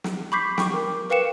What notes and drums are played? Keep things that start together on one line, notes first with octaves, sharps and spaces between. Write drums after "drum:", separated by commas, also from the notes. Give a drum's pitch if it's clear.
drum: snare
B5 C#6 D6 G6 B6 C7
G5 C#6 D6, drum: snare
A#4
A#4 B4 F5 G5 C#7 E7